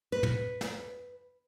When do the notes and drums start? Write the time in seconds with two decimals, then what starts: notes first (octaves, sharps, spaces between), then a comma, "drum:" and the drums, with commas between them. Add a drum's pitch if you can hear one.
0.12 B4
0.23 drum: tom
0.61 drum: snare